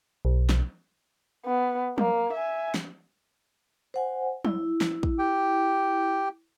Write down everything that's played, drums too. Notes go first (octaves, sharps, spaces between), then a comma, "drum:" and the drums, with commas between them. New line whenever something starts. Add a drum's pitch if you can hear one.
B1
drum: snare
B3
A#3, drum: tom F3
E5 G#5
drum: snare
C5 F#5 G#5
E4, drum: tom F3
drum: snare
drum: kick
G4 G5